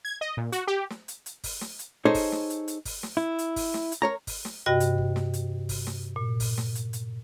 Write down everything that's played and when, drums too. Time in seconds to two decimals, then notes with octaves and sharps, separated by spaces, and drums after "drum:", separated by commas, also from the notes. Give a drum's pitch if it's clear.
0.05 G#6
0.21 D#5
0.37 A#2
0.52 F#4, drum: hi-hat
0.67 G4
0.90 drum: snare
1.08 drum: hi-hat
1.26 drum: hi-hat
1.44 drum: kick G1, open hi-hat
1.61 drum: snare
1.79 drum: hi-hat
2.05 D#4 G#4 A4 C5 C#5
2.14 drum: kick G1, open hi-hat
2.32 drum: snare
2.50 drum: hi-hat
2.68 drum: hi-hat
2.85 drum: kick G1, open hi-hat
3.03 drum: snare
3.17 E4
3.39 drum: hi-hat
3.56 drum: kick G1, open hi-hat
3.74 drum: snare
3.92 drum: hi-hat
4.02 A#4 C#5 A#5
4.27 drum: kick G1, open hi-hat
4.45 drum: snare
4.66 G2 C3 F#4 D#5 G5 A#6
4.80 drum: hi-hat
4.98 drum: kick G1
5.16 drum: snare
5.33 drum: hi-hat
5.69 drum: kick G1, open hi-hat
5.87 drum: snare
6.16 A#2
6.40 drum: kick G1, open hi-hat
6.58 drum: snare
6.75 drum: hi-hat
6.93 drum: hi-hat